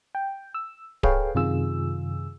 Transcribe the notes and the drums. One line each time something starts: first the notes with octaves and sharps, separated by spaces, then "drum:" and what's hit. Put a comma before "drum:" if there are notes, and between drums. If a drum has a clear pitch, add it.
G5
E6
G#4 A4 B4 C#5 F5 G5, drum: kick D1
F#2 C3 D#3 F4 G#4 E6